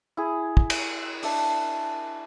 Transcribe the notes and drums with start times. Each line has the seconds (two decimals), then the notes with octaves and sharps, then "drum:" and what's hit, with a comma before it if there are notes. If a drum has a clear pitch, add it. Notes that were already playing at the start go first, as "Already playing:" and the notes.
0.17 E4 G#4
0.57 drum: kick
0.70 drum: cymbal
1.23 D4 E5 A5, drum: open hi-hat